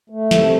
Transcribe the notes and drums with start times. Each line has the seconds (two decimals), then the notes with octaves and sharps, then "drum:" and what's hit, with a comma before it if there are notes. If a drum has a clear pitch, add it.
0.10 A3
0.31 C3 A4, drum: snare